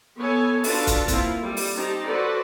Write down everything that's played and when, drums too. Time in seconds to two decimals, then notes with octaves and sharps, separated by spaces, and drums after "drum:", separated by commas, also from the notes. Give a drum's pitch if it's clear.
0.18 B3 A4 C#5 G#5
0.64 D4 F4 F#4 A4 B4 A5, drum: open hi-hat
0.87 drum: kick, hi-hat
1.08 A#3 C4 E4 F4, drum: kick, hi-hat
1.41 G3 A4
1.57 drum: open hi-hat
1.74 C4 D#4 G4 A5 A#5
2.06 F#4 A4 B4 C5 D5